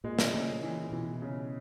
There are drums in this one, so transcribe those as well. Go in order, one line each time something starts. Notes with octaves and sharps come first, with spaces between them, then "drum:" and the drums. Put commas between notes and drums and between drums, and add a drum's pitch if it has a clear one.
A#2 G#3
drum: snare
C#3
E3
B2 E3
C#3